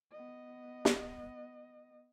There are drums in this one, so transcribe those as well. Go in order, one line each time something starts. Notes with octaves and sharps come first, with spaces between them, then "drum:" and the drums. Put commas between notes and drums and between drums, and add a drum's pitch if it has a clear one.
B3 D#5
drum: snare